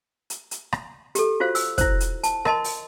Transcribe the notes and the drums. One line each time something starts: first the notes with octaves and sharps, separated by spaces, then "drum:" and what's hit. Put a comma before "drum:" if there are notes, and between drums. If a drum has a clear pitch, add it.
drum: hi-hat
drum: hi-hat
drum: rim click
G4 A4, drum: hi-hat
F4 F#4 C5 F5
E6, drum: open hi-hat
E4 C5, drum: kick, hi-hat
drum: hi-hat
A5, drum: hi-hat
A#4 D#5 A5 C6, drum: rim click
drum: open hi-hat